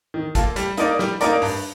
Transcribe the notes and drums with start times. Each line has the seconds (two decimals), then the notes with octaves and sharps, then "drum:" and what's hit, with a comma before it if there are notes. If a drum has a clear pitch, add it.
0.14 D#3
0.35 A#3 F4 A4, drum: kick, hi-hat
0.56 G3, drum: hi-hat
0.77 A#3 D#4 A#4 D5, drum: hi-hat
0.99 G3, drum: snare
1.21 A#3 D#4 A#4 D5, drum: hi-hat
1.42 G2, drum: open hi-hat